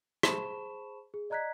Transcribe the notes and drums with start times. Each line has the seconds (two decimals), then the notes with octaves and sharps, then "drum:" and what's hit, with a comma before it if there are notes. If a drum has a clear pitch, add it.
0.23 G#4 C5 A5 B5 C#6 E7, drum: rim click
1.14 G#4
1.30 D5 D#5 A#5 F#6 G#6 B6